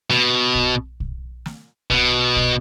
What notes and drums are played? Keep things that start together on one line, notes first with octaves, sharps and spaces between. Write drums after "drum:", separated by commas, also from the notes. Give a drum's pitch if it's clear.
B2, drum: snare
drum: kick
drum: kick
drum: snare
B2, drum: kick
drum: kick